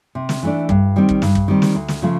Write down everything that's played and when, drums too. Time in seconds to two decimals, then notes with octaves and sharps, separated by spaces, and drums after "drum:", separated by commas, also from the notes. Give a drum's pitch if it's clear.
0.15 C3
0.29 drum: snare
0.43 E3 A3 D4
0.69 G2, drum: kick
0.96 D#3 G3 C4
1.09 drum: kick
1.22 G2, drum: snare
1.35 drum: kick
1.48 D#3 G3 C4
1.62 drum: snare
1.75 D2
1.88 drum: snare
2.02 C#3 F3 A3